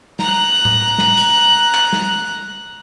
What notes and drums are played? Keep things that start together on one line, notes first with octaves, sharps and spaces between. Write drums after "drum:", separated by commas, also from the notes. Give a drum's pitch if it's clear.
A#5 F#6, drum: snare
drum: tom A2
drum: snare
drum: hi-hat
drum: clap
drum: snare